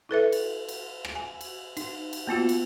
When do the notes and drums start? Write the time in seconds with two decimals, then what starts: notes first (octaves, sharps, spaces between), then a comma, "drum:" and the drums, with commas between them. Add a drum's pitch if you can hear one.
0.09 E4 A4 B4 E5
0.32 drum: cymbal
0.69 drum: cymbal
1.05 drum: rim click
1.15 G#5
1.41 drum: cymbal
1.77 D#4, drum: cymbal
2.13 drum: cymbal
2.27 A#3 B3 F4 F#4
2.49 drum: cymbal